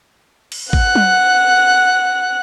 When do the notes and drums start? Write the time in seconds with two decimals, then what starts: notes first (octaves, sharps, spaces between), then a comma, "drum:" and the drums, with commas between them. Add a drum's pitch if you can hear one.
0.52 drum: cymbal
0.73 F#5 F#6, drum: kick
0.95 drum: tom F#3